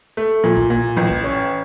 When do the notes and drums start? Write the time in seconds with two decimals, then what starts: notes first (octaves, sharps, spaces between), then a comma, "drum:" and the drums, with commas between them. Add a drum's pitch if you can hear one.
0.17 A3
0.44 A#2, drum: tom F3
0.57 drum: kick
0.70 A#2
0.97 A1, drum: tom F3
1.10 drum: kick
1.24 C#4